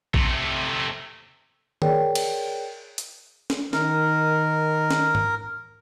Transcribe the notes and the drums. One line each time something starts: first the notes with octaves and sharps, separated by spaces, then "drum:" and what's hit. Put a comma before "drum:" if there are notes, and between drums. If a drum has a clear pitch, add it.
C3 A3, drum: kick A#1
G#4 A#4 C#5 D5 G5, drum: tom D#3
drum: cymbal
drum: hi-hat
drum: snare C#4
D#3 A#4, drum: snare C#4
drum: snare C#4
drum: tom G#2